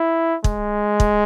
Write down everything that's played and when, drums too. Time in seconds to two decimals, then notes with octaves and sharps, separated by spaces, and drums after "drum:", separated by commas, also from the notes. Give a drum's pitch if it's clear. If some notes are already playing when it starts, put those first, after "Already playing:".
Already playing: E4
0.44 G#3, drum: kick
1.00 drum: kick